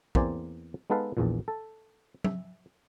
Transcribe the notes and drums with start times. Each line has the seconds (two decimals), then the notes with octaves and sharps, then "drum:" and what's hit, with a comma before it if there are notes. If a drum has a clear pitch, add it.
0.15 E2 A#3 C4 C5 D5 G#5, drum: kick
0.90 G#3 B3 D#4 A4 B4 F5
1.17 A#1 E2 A#2
1.48 A4
2.24 E5, drum: tom F#3